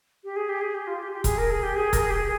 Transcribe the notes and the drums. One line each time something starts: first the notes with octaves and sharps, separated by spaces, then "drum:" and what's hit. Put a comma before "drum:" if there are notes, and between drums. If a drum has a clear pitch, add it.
G4
G#4
G4
G#4
G4
F4
G4
G4
G#4, drum: kick E1, hi-hat
A#4
G#4
G4
G#4
A#4, drum: kick E1, hi-hat
G#4
G4
G#4